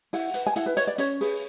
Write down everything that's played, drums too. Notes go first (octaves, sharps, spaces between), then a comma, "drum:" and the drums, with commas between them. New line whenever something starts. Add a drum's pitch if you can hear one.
E4 F#5, drum: open hi-hat
B4, drum: hi-hat
G#5
E4 F#5, drum: hi-hat
B4
B4 C#5, drum: hi-hat
D5
C#4 C#5, drum: hi-hat
G#4 B4, drum: open hi-hat